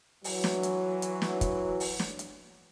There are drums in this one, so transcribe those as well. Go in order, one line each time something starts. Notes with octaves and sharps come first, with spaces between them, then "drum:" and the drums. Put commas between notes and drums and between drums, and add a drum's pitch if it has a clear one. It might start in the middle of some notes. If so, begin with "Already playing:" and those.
E3 F#3, drum: open hi-hat
drum: snare
drum: hi-hat
drum: hi-hat
drum: snare
drum: kick, hi-hat
drum: open hi-hat
drum: snare
drum: hi-hat